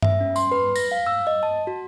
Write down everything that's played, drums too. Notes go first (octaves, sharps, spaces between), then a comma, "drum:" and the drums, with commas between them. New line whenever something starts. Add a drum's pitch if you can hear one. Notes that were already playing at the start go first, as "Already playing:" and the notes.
E5, drum: tom G2
C#4
C6, drum: tambourine
B4
A#6, drum: tambourine
F5
E6
D#5
A5
F#4